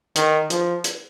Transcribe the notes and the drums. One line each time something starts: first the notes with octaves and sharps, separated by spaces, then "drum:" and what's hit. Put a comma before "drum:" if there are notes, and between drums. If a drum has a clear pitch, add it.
D#3, drum: hi-hat
F3, drum: hi-hat
drum: hi-hat